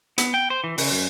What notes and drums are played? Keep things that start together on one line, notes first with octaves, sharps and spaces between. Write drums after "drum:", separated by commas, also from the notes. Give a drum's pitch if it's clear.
B3, drum: hi-hat
G5
C5
E3
C#3, drum: open hi-hat
F#2